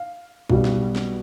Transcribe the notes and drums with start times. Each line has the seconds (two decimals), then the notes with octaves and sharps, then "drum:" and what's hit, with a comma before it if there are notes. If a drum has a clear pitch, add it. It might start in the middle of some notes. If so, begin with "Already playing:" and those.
Already playing: F5
0.50 B1 B2 G3, drum: kick
0.65 drum: snare
0.96 drum: snare